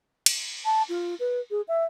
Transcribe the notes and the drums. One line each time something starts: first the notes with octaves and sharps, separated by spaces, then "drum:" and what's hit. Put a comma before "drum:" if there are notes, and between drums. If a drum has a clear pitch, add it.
drum: cymbal
A5
F4
B4
G#4
E5